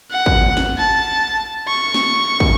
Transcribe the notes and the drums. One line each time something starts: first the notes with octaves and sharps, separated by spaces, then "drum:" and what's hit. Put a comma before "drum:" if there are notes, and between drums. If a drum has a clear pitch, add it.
F#5
drum: kick
drum: snare
A5
C#6
drum: snare
drum: kick